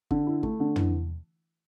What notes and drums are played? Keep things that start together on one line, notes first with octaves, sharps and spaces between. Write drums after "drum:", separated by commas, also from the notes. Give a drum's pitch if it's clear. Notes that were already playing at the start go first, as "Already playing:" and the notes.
D3, drum: kick
E4
A3, drum: kick
D3
E3, drum: tom